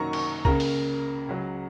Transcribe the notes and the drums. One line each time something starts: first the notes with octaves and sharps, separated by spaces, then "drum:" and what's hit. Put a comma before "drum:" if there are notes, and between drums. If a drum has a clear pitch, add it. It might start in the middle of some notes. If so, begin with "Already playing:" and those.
Already playing: F#2 D#3 F#3 A#3 A#5 C#6
drum: cymbal
C#2 C#3 A#3 A#5, drum: kick C2
drum: open hi-hat
C#2 C#3 F#3